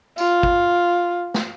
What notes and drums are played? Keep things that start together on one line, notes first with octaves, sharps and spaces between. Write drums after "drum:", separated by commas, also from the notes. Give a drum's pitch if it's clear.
F4, drum: tambourine
drum: kick
drum: snare